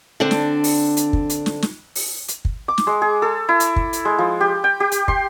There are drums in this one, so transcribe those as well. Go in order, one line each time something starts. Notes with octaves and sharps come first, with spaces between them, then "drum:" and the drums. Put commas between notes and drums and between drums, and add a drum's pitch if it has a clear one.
D3 C4 D4
drum: snare
drum: open hi-hat
drum: hi-hat
drum: kick
drum: hi-hat
drum: snare
drum: snare
drum: open hi-hat
drum: hi-hat
drum: kick
D6
drum: snare
G#3
G#4
A4
E4
drum: hi-hat
drum: kick
drum: hi-hat
G#3
F3
G4
G5
G4
drum: hi-hat
C6, drum: kick